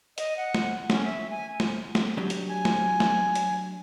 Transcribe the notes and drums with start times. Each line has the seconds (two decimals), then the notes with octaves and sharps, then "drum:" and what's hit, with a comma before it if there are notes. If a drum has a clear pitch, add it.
0.18 D#5, drum: hi-hat
0.37 F#5
0.54 drum: snare
0.90 C#4, drum: snare
1.05 E5
1.30 G#5
1.60 drum: snare
1.95 drum: snare
2.17 F#3 D4 G4
2.30 drum: hi-hat
2.49 G#5
2.65 drum: snare
3.00 drum: snare
3.35 drum: hi-hat